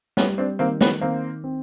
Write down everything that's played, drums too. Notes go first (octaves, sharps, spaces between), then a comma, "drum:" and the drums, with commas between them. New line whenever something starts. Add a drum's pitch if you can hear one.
G3 B3 C#4, drum: snare
C4 D4
D#3 A#3 C4
B3 C#4, drum: snare
D#3 A#3 C4
C4